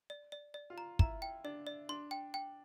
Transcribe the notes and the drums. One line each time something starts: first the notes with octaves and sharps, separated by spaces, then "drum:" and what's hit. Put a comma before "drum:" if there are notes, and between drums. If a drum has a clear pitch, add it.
D5
D5
D5
F4
A#5
E4 A#5, drum: kick
G5
D4 D5
D5
D4 C6
G5
G5